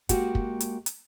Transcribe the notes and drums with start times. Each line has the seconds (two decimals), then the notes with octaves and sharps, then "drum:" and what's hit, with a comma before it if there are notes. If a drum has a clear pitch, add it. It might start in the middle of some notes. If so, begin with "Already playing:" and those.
0.09 G#3 A#3 D4 F#4 G4 F#5, drum: kick, hi-hat
0.35 drum: kick
0.60 drum: hi-hat
0.86 drum: hi-hat